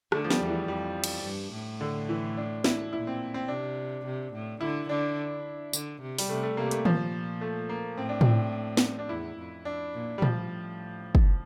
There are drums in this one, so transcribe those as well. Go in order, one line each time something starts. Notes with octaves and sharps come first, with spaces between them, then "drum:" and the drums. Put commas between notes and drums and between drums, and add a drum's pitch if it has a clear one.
D3 A3, drum: rim click
F3
G3, drum: snare
E2
E3
F2 G3
drum: cymbal
G2
A2
D3
E3
D4
E4, drum: snare
A#2 E4
C4
C4
C3 D4
C3
A2
D3 E4
D3 D4
D3, drum: tambourine
C3
G3, drum: open hi-hat
C3 A3
A3
C3 A#3
A3, drum: hi-hat
A#2 F3, drum: tom D#3
A3
A#3
A2 C4
D4
C4, drum: tom A2
drum: snare
D4
E2 E4
F2
D4
A#2
G3
A2 F3, drum: tom A#2
drum: kick F#1